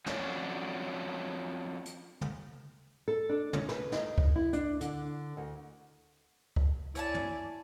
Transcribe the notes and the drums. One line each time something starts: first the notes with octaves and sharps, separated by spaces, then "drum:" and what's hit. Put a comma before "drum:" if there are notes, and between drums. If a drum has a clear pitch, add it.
F2 F#3 C#4 D4 C#5, drum: snare
drum: hi-hat
drum: tom
A4
D4
C#4, drum: tom
B4, drum: snare
D#4, drum: snare
drum: kick C#2
E4
D4, drum: hi-hat
D3, drum: hi-hat
D2
drum: kick C#2
E4 C#5 D5 G#5 A5, drum: hi-hat
drum: tom